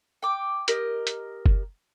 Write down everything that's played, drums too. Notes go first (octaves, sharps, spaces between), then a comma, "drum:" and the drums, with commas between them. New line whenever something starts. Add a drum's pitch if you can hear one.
G5 D6
G4 A#4 D#5, drum: hi-hat
drum: hi-hat
drum: kick F#1